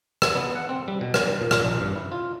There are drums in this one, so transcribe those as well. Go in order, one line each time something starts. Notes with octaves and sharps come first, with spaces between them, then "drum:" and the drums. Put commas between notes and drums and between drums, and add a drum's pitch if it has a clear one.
E5, drum: rim click
B3
F#5
C4
G3
B2
drum: rim click
G3
A#2
drum: rim click
A#1
G2
E4
F4